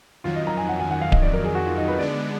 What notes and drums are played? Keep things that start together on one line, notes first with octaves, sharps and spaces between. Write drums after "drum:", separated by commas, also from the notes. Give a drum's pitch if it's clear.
F2 D#3 F#3 F4
D#5
A#5
G#5
F#5
G#5
F#5
F5
D#5, drum: kick D1
D5
A#4
G#4
F#4
F4
D#4
B4
D3 G#3 B3 D4 D5